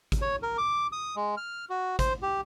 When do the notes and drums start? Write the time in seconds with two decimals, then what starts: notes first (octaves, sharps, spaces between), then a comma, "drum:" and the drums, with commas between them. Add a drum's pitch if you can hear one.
0.12 drum: kick, hi-hat
0.22 C#5
0.43 A#4
0.58 D6
0.92 D#6
1.16 G#3
1.37 F6
1.70 F#4
1.99 C5, drum: kick, hi-hat
2.22 G4